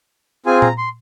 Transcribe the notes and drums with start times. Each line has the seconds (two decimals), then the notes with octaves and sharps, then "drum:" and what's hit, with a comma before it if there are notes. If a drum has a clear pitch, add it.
0.46 C4 F4 G#4 G#5
0.62 A#5, drum: tom A#2
0.78 C6